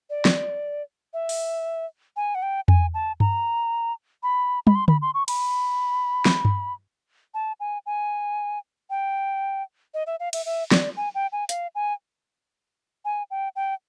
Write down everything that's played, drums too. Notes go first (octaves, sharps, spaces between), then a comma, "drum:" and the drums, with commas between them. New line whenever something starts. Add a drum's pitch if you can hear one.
D5
drum: snare
E5
drum: open hi-hat
G#5
F#5
G5
G#5, drum: tom E2
A5
A#5, drum: tom G2
B5
B5, drum: tom
C6
B5, drum: tom D3
C6
C#6
B5, drum: cymbal
drum: snare
drum: tom G2
A5
G#5
G#5
G5
D#5
E5
F5
E5, drum: cymbal
E5
D5, drum: snare
G#5
G5
G#5
F5, drum: hi-hat
G#5
G#5
G5
G5